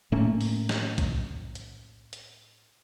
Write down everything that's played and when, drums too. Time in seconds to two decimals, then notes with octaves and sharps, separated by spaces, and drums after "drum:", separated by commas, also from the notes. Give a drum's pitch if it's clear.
0.12 A2 A3 A#3 C#4
0.41 drum: open hi-hat
0.69 drum: snare
0.98 drum: kick B1, hi-hat
1.55 drum: hi-hat
2.13 drum: hi-hat